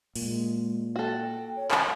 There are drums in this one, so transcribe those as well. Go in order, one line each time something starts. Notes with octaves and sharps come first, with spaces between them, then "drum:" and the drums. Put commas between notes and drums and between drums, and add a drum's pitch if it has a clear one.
A#2 G#3, drum: open hi-hat
F#4 A4 G5
C#5
D#5, drum: clap